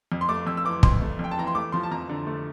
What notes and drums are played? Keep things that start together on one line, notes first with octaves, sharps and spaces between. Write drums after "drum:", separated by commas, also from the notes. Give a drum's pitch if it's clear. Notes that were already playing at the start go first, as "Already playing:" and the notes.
F2
C6
A3 D6
F2 E6
E6
E3 D6
F2 C6, drum: kick
A3
F2 G5
A5
E3 A#5
C6
A3 D6
F3 C6
A5
F2 A#5
D3
A3